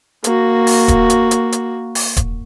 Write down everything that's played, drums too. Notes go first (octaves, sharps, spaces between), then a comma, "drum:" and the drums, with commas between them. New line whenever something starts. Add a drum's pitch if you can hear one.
A#3 F#4, drum: hi-hat
drum: open hi-hat
drum: kick D#1, hi-hat
drum: hi-hat
drum: hi-hat
drum: hi-hat
drum: open hi-hat
drum: kick D#1, hi-hat